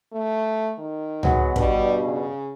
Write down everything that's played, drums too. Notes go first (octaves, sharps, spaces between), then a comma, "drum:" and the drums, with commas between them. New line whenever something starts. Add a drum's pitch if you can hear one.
A3
D#3
F#3 G#3 B3, drum: tom C#2
G2 B2 G3, drum: kick
C#3